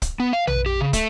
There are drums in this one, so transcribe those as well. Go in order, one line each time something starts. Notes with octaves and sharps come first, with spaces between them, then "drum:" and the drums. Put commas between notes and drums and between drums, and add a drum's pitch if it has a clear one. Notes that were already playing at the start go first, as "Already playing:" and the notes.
drum: kick, hi-hat
B3
F5
B4, drum: tom A#1
G4
C#3
A3, drum: kick, hi-hat